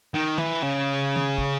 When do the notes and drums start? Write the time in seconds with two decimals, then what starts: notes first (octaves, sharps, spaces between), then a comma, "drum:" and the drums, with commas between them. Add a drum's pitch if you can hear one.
0.14 D#3
0.38 E3, drum: tom
0.63 C#3
1.16 drum: tom
1.38 drum: kick